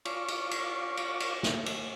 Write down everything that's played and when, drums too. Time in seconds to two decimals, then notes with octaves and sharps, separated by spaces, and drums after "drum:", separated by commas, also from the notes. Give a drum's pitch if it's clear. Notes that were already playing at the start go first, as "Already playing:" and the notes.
0.05 F4 C#5 D5, drum: cymbal
0.28 drum: cymbal
0.51 drum: cymbal
0.97 drum: cymbal
1.20 drum: cymbal
1.43 drum: snare
1.66 drum: cymbal